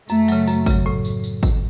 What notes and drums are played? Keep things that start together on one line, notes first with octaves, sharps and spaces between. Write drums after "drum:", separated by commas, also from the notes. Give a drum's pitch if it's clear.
F#2 A3, drum: tambourine
C#3 F#3, drum: tambourine
F#2, drum: tambourine
C#3 F#3, drum: kick G#1, tambourine
A2
drum: tambourine
drum: tambourine
drum: kick G#1, tambourine